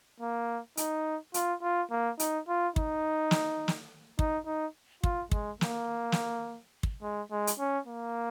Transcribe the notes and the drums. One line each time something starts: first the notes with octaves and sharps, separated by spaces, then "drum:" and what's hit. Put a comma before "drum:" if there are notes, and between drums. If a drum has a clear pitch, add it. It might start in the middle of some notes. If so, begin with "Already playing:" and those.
A#3
D#4, drum: hi-hat
F4, drum: hi-hat
F4
A#3
D#4, drum: hi-hat
F4
D#4, drum: kick
drum: snare
drum: snare
D#4, drum: kick
D#4
F4, drum: kick
G#3, drum: kick
A#3, drum: snare
drum: snare
drum: kick
G#3
G#3
drum: hi-hat
C#4
A#3